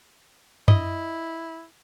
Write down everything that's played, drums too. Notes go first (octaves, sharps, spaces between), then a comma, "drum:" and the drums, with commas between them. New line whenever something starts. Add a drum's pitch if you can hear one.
E4 D#5, drum: tom F#2